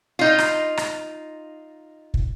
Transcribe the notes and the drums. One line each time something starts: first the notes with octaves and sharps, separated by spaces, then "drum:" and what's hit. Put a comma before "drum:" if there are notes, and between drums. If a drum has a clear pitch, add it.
D#4 F4
drum: rim click
drum: rim click
drum: kick